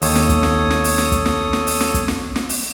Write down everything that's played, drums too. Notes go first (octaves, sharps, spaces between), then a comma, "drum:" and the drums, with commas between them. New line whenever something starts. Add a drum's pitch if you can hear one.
D#2 A4 C#5 D#6, drum: open hi-hat
drum: snare
drum: kick, hi-hat
drum: snare
drum: snare
drum: open hi-hat
drum: snare
drum: kick, hi-hat
drum: snare
drum: snare
drum: open hi-hat
drum: snare
drum: kick, hi-hat
drum: snare
drum: snare
drum: open hi-hat